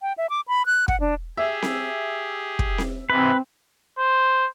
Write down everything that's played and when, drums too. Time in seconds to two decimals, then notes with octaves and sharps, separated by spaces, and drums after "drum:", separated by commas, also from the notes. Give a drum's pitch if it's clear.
0.02 G5
0.18 E5
0.30 D6
0.48 B5
0.66 F#6
0.88 F#5, drum: kick
1.00 D4
1.37 G4 G#4 E5
1.62 drum: snare C4
2.59 drum: kick
2.78 drum: snare C4
3.10 G#2 C3 E3 C4 B4
3.99 C5